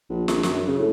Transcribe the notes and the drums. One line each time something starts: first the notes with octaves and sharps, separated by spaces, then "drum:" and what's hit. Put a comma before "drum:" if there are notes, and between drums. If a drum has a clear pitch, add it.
A#1
A#1, drum: snare
F#2, drum: snare
C#3
A2